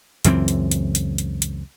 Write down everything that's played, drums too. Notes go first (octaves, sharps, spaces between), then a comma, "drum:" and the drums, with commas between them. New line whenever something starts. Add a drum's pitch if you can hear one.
C#2 F#2 E3 C4, drum: hi-hat
drum: hi-hat
drum: hi-hat
drum: hi-hat
drum: hi-hat
drum: hi-hat